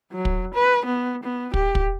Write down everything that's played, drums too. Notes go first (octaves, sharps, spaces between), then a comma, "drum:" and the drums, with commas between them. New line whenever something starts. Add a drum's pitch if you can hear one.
F#3
drum: kick
B4
B3
B3
G4, drum: kick
drum: kick